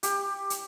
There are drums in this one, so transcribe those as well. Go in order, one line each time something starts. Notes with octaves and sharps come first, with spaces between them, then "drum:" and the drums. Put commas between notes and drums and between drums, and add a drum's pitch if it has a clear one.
G4, drum: hi-hat
drum: hi-hat